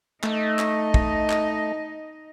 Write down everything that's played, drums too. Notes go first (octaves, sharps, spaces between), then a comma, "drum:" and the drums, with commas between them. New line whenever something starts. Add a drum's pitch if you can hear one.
A3 D#4 D#5, drum: clap
drum: clap
drum: kick
drum: clap